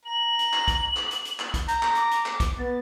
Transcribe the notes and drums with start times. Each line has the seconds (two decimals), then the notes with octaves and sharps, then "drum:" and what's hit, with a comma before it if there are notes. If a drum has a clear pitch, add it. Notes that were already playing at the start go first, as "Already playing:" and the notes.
0.05 A#5 F#7
0.39 drum: hi-hat
0.53 drum: clap
0.68 drum: kick, hi-hat
0.96 drum: clap
1.11 drum: hi-hat
1.25 drum: hi-hat
1.39 drum: clap
1.54 drum: kick, hi-hat
1.68 A#5 G6, drum: hi-hat
1.83 drum: clap
1.95 D6, drum: hi-hat
2.11 drum: hi-hat
2.26 drum: clap
2.40 drum: kick, hi-hat
2.58 B3 A6